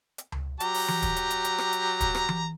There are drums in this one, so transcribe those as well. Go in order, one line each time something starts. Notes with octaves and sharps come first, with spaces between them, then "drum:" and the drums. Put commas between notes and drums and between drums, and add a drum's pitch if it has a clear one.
drum: hi-hat
drum: tom C#2
F#3 G4 A#5, drum: hi-hat
drum: open hi-hat
drum: tom E3
drum: kick, hi-hat
drum: hi-hat
drum: hi-hat
drum: hi-hat
drum: rim click
drum: hi-hat
drum: kick, hi-hat
drum: rim click
drum: tom E3